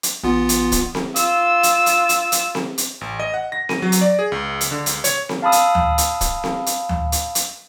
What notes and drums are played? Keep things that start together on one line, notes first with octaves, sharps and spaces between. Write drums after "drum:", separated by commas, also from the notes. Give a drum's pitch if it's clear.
drum: hi-hat
A1 B3 F4
drum: hi-hat
drum: kick, hi-hat
drum: snare C4
F4 E6, drum: hi-hat
drum: hi-hat
drum: hi-hat
drum: hi-hat
drum: hi-hat
drum: snare C4
drum: hi-hat
A1
D#5
F#5
A#6
D#7, drum: snare C4
F#3
drum: hi-hat
D5
G#4
C#2
drum: hi-hat
D3
C#2, drum: hi-hat
C#5, drum: hi-hat
drum: snare C4
F5 A5 B5 D#6 E6
drum: hi-hat
drum: tom D2
drum: hi-hat
drum: kick, hi-hat
drum: snare C4
drum: hi-hat
drum: tom D2
drum: hi-hat
drum: hi-hat